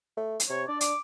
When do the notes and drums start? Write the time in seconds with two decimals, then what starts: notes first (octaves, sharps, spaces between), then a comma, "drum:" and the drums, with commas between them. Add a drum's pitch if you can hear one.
0.17 A3
0.40 drum: hi-hat
0.50 C3 C#5
0.68 D4 D5
0.81 D6, drum: hi-hat